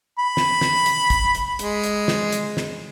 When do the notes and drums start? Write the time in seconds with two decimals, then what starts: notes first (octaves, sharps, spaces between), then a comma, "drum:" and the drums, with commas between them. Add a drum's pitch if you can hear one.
0.19 B5
0.37 drum: snare
0.61 drum: snare
0.86 drum: hi-hat
1.10 drum: kick, hi-hat
1.35 drum: hi-hat
1.59 G#3, drum: hi-hat
1.84 drum: hi-hat
2.08 drum: snare
2.32 drum: hi-hat
2.57 drum: snare